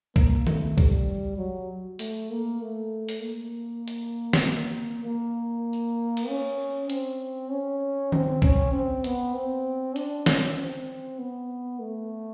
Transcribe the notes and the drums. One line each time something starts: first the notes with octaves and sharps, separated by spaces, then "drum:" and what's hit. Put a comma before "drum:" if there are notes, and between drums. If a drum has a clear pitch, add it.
A#3, drum: kick
A3, drum: tom D#3
G3, drum: kick
F#3
A3, drum: open hi-hat
A#3
A3
drum: open hi-hat
A#3
drum: hi-hat
drum: snare
A#3
drum: tambourine
drum: cymbal
C#4
C4, drum: hi-hat
C#4
C4, drum: tom D#3
C#4, drum: kick
C4
B3, drum: hi-hat
C4
D4, drum: hi-hat
C#4, drum: snare
C4
B3
A3